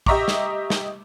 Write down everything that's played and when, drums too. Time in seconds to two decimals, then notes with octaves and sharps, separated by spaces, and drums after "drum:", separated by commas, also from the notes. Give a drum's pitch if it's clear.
0.06 G4 D#5 E5 A#5 C#6 D6, drum: kick
0.28 drum: snare
0.70 drum: snare